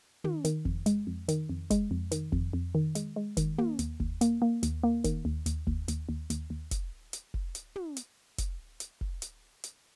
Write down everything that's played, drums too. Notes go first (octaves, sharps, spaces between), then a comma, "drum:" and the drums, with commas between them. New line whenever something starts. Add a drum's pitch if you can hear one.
D#3, drum: tom
D#3, drum: hi-hat
F2, drum: kick
G#3, drum: hi-hat
F2
D#3, drum: hi-hat
F2
G#3, drum: kick, hi-hat
F2
D#3, drum: hi-hat
F2, drum: kick
F2
D#3
G#3, drum: hi-hat
G#3
D#3, drum: kick, hi-hat
A#3, drum: tom
D#2, drum: hi-hat
D#2, drum: kick
A#3, drum: hi-hat
A#3
D#2, drum: hi-hat
A#3
D#3, drum: kick, hi-hat
D#2
D#2, drum: hi-hat
D#2, drum: kick
D#2, drum: hi-hat
D#2
D#2, drum: hi-hat
D#2
drum: kick, hi-hat
drum: hi-hat
drum: kick
drum: hi-hat
drum: tom
drum: hi-hat
drum: kick, hi-hat
drum: hi-hat
drum: kick
drum: hi-hat
drum: hi-hat